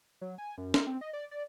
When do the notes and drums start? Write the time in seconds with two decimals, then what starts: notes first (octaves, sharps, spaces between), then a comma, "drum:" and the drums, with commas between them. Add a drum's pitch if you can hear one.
0.21 F#3
0.38 G#5
0.58 F#2
0.74 A#4, drum: snare
0.87 C4
1.01 D#5
1.13 D5
1.31 D5